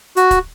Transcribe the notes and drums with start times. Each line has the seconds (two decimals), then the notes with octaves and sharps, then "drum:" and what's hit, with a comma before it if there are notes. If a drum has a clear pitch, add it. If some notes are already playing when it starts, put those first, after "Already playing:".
0.17 F#4, drum: hi-hat
0.31 drum: kick D1, hi-hat